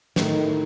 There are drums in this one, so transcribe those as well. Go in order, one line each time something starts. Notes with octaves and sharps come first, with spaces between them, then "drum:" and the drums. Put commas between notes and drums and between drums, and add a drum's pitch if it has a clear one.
A2 D#3 E3 A3 D#4, drum: snare